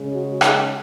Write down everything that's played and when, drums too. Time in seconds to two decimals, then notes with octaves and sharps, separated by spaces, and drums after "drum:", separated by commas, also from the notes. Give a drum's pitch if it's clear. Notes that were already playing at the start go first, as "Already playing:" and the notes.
Already playing: C#3 G#3 C#4
0.12 F#4
0.41 D#4 G#4, drum: rim click